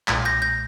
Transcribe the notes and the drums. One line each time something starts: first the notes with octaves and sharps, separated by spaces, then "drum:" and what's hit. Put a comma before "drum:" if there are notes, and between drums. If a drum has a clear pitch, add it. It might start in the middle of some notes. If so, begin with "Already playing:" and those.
B1 A#2 G#3 G#6 B6, drum: clap
G6 A#6
G6 A#6